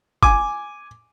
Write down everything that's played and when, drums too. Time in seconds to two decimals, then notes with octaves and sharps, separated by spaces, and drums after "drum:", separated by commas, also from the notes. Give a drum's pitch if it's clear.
0.23 G#5 D6, drum: kick